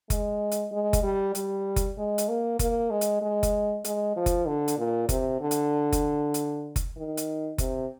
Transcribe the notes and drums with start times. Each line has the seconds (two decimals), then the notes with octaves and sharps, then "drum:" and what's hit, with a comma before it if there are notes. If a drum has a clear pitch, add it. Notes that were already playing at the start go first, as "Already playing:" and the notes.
0.10 G#3, drum: kick F#1, hi-hat
0.51 drum: hi-hat
0.72 G#3
0.93 drum: kick F#1, hi-hat
1.03 G3
1.35 G3, drum: hi-hat
1.76 drum: kick F#1, hi-hat
1.98 G#3
2.18 drum: hi-hat
2.29 A#3
2.59 A#3, drum: kick F#1, hi-hat
2.91 G#3
3.01 drum: hi-hat
3.22 G#3
3.43 drum: kick F#1, hi-hat
3.84 G#3, drum: hi-hat
4.16 F3
4.26 drum: kick F#1, hi-hat
4.46 D3
4.68 drum: hi-hat
4.78 A#2
5.09 C3, drum: kick F#1, hi-hat
5.41 D3
5.51 drum: hi-hat
5.92 drum: kick F#1, hi-hat
6.34 drum: hi-hat
6.76 drum: kick F#1, hi-hat
6.97 D#3
7.17 drum: hi-hat
7.58 C3, drum: kick F#1, hi-hat